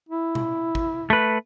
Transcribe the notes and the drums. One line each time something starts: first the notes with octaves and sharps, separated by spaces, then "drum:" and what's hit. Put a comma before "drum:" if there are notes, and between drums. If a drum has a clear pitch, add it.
E4
drum: tom B2
drum: kick
A3 B4